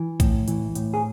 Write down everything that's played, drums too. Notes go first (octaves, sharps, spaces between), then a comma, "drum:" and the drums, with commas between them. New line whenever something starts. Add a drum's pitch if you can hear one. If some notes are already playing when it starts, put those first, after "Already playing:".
Already playing: E3
A2, drum: kick A#1, hi-hat
E3, drum: hi-hat
A2, drum: hi-hat
G#4